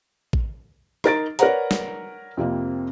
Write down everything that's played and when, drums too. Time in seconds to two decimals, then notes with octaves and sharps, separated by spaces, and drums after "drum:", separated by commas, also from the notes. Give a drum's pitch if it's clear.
0.33 drum: kick A1
1.04 D#4 A#4 A6 D7, drum: rim click
1.39 A#4 B4 C#5 D5 F#5 A#5, drum: hi-hat
1.71 drum: snare
2.37 F2 C3 A#3 C4